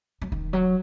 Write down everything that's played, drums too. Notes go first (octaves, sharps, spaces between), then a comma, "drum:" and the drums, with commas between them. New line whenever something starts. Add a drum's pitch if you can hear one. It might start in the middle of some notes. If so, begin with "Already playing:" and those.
F#3
D#3, drum: kick D#1
F#3